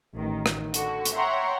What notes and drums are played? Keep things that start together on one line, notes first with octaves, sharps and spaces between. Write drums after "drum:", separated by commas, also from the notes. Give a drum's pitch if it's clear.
A1 D#3
drum: rim click
D3 F#4, drum: hi-hat
drum: hi-hat
C#5 E5 F#5 G5 A#5 C6